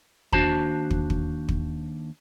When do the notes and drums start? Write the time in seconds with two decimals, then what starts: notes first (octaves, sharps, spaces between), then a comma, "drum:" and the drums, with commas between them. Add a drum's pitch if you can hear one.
0.32 D#2 D4 F#4 C5 A5, drum: kick
0.91 drum: kick
1.10 drum: kick
1.49 drum: kick